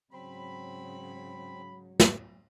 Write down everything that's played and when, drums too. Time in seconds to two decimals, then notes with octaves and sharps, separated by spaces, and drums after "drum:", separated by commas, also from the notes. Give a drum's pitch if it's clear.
0.13 G#2 C#3 F#3 C4 B5
2.00 drum: snare